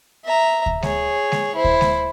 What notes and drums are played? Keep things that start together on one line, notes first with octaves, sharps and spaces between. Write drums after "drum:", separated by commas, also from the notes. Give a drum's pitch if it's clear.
E5 A#5
drum: kick D2
G#4 C#5, drum: snare G#3
drum: snare G#3
E4 C5
drum: kick D2
drum: snare G#3